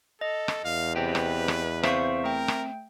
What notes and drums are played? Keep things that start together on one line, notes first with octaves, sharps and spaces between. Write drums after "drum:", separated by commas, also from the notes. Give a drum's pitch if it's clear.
A4 D#5
drum: rim click
E2 F5
C4 G4 B4
drum: rim click
drum: rim click
C4 C5 E5 F5 C#6, drum: rim click
A3 A#4 G5
drum: rim click